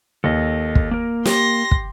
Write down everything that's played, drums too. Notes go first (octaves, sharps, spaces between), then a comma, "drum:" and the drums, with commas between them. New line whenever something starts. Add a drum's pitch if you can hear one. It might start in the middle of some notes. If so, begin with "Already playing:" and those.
D#2 A4 D#5
drum: kick
A#3 A#4
G4 C6 A#6, drum: snare
drum: kick